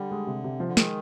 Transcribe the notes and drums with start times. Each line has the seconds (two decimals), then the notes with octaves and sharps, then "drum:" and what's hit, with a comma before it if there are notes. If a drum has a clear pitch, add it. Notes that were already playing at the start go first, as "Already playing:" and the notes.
Already playing: D3 G3
0.11 G#3
0.27 C3
0.44 C3
0.60 F3
0.68 D3
0.77 D#3 G#3, drum: snare